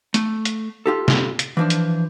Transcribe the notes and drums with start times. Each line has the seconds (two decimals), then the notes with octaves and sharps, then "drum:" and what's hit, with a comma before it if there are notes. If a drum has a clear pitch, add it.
0.14 A3, drum: hi-hat
0.45 drum: hi-hat
0.86 F4 G4 A4
1.08 drum: snare
1.39 drum: hi-hat
1.57 E3 F3 D4
1.70 drum: hi-hat